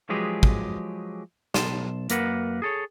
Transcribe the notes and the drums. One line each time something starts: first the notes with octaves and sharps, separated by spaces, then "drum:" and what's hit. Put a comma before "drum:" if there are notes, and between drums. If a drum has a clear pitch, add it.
F3 F#3 G#3 G4 G#4 B4
drum: kick
B1 A5 C6, drum: snare
F#2 A#3 A#4 B4 F#5, drum: hi-hat
G#4 A4 C#5